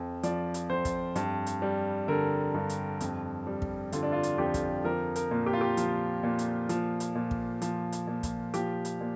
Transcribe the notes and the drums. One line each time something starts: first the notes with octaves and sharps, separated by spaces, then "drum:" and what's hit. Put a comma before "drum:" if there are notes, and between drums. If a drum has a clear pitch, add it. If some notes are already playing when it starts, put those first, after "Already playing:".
Already playing: F2 F3
F3 D5, drum: hi-hat
drum: hi-hat
F2 C5
drum: kick, hi-hat
G2, drum: hi-hat
drum: hi-hat
G3
D3 A#4
G2
drum: hi-hat
F2, drum: hi-hat
G3
drum: kick
D3 F4, drum: hi-hat
D4
F4
drum: hi-hat
F2 G4
drum: kick, hi-hat
F3 A#4
A#4, drum: hi-hat
A#2
G4
F4
G4
F3, drum: hi-hat
A#2
drum: hi-hat
F3, drum: hi-hat
drum: hi-hat
A#2
drum: kick
F3, drum: hi-hat
drum: hi-hat
A#2
drum: kick, hi-hat
F3 G4, drum: hi-hat
drum: hi-hat
A#2